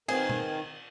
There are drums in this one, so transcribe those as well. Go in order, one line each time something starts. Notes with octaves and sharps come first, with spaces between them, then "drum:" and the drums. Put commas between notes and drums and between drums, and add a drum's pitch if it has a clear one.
D#3 C4 G#4 B4 C5 F5, drum: cymbal
drum: tom B2